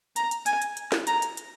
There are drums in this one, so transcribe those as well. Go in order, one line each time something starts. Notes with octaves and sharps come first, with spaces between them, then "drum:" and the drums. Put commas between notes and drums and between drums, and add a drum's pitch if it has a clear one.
A#5, drum: hi-hat
drum: hi-hat
G#5, drum: hi-hat
drum: hi-hat
drum: hi-hat
drum: snare
A#5, drum: hi-hat
drum: hi-hat
drum: hi-hat